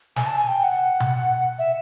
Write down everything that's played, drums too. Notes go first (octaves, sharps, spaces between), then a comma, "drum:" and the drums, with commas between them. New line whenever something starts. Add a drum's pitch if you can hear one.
G#5, drum: snare
A5
G#5
G5
F#5
drum: tom B2
E5